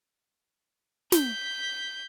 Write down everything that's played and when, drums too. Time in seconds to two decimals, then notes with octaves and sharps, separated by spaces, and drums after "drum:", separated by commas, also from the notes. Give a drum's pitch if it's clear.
1.12 G6 B6, drum: snare